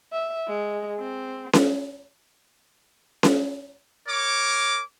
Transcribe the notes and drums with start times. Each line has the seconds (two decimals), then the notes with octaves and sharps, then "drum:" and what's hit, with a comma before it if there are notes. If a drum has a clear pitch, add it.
0.12 E5
0.48 G#3
0.99 C4
1.53 drum: snare C#4
3.23 drum: snare C#4
4.08 A#4 C#5 D6